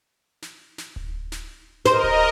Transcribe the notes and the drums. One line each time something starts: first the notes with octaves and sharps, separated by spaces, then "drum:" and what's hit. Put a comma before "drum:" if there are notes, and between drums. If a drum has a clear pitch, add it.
drum: snare
drum: snare
drum: kick D1
drum: snare
A#4 C5 D#5, drum: snare
drum: kick D1